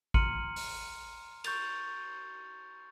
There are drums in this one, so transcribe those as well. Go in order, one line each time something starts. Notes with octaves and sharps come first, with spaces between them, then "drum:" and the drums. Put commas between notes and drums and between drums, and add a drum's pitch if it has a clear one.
A#5 C6 F6 C#7 D#7 F#7, drum: kick A1
drum: open hi-hat
C#6 G6 A6 F7, drum: cymbal